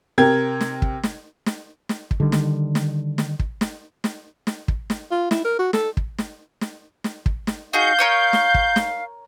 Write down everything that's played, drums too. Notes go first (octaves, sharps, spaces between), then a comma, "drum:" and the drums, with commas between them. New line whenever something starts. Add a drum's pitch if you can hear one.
C3 A#4 G5 G#6
drum: snare
drum: kick
drum: snare
drum: snare
drum: snare
drum: kick
D3 D#3 G3
drum: snare
drum: snare
drum: snare
drum: kick
drum: snare
drum: snare
drum: snare
drum: kick
drum: snare
F4
E4, drum: snare
A#4
F#4
A4, drum: snare
drum: kick
drum: snare
drum: snare
drum: snare
drum: kick
drum: snare
D#4 F#4 G#4 F5 G6
A#4 C#5 D#6
drum: snare
drum: kick
drum: snare